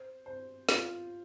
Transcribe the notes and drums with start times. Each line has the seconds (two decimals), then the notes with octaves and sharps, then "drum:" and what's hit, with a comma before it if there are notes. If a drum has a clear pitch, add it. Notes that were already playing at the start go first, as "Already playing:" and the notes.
Already playing: C5
0.26 C5
0.69 F4, drum: snare